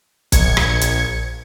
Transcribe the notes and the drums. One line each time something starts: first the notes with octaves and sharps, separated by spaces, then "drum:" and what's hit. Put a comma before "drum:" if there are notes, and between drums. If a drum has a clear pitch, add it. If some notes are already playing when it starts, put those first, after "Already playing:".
A#1 G#6 C#7, drum: kick, hi-hat
drum: rim click
drum: hi-hat